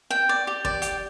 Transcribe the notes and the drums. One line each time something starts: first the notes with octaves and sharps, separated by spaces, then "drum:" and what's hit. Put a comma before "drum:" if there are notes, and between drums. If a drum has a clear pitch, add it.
G5
D5
G4
D5, drum: kick
G4, drum: hi-hat